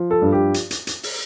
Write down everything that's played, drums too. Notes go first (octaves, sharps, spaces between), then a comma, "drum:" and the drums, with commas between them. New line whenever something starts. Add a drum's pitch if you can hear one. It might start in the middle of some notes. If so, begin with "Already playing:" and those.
Already playing: F3
A4
G2
G4
drum: hi-hat
drum: hi-hat
drum: hi-hat
drum: open hi-hat